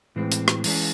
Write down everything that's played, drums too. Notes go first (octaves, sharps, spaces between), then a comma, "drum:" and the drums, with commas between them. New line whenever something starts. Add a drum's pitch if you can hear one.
A2 E3 G#3 C4
drum: hi-hat
drum: rim click
E3 G#3 C#4, drum: open hi-hat